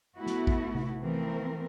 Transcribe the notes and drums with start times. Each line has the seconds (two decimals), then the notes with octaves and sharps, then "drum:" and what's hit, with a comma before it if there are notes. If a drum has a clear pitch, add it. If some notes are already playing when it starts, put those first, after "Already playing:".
0.17 A3 B3 E4 F#4
0.26 drum: snare
0.47 drum: kick A1
0.75 drum: tom C3
1.01 E3 F3 A3 C4 A#4